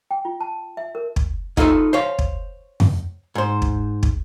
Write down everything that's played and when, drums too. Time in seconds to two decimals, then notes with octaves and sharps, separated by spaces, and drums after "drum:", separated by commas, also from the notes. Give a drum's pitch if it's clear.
0.11 G5
0.25 F4
0.40 A5
0.77 E5
0.95 A#4
1.16 drum: kick
1.57 D#4 F4 A4 B4 E5, drum: kick
1.93 C5 C#5 F5
2.19 drum: kick
2.80 drum: tom F2
3.35 G#2 C5
3.62 drum: kick
4.03 drum: kick